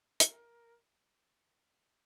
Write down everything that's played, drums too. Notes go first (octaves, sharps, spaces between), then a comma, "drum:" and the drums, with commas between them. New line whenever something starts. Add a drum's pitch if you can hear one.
A#4, drum: hi-hat